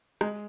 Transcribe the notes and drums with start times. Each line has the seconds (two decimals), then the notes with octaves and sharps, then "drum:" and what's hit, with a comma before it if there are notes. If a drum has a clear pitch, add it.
0.21 G#3, drum: rim click